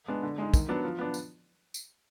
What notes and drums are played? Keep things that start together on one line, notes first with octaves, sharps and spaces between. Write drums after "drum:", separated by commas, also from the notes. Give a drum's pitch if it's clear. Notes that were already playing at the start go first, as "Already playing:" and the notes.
G#3 B3 D4
D3
G#3 D#4
D#3, drum: kick, tambourine
F#3 B3 D4
F3
B3 D4
drum: tambourine
drum: tambourine